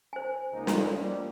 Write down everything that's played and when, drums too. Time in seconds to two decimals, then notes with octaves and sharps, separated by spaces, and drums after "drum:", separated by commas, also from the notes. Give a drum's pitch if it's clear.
0.13 C5 G#5
0.52 C#2 A#3 D#4
0.67 drum: snare
0.93 A#2 F3 G3